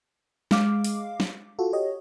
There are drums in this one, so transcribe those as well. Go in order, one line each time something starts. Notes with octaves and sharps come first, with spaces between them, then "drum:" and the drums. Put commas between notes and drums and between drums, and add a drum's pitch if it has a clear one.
G#3 F5 D6, drum: snare
drum: open hi-hat
drum: snare
F4 F#4 A4
G4 C#5 D#5